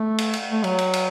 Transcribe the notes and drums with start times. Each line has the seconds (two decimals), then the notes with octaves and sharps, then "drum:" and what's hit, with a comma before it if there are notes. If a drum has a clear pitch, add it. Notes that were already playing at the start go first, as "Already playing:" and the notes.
Already playing: A3
0.18 drum: cymbal
0.33 drum: cymbal
0.52 A3
0.64 F#3, drum: cymbal
0.78 drum: cymbal
0.93 drum: cymbal